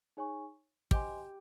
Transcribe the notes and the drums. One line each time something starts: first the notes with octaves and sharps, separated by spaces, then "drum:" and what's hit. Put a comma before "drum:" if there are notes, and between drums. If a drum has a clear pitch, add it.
D#4 G#4 C#5 G#5 C#6
G4 C5 D#5 G#5 C6, drum: kick